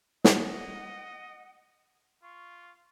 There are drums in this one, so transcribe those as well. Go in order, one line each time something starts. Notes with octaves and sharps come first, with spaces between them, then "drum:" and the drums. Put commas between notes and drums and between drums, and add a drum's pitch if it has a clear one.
D#5 F#5, drum: snare
F4 C#6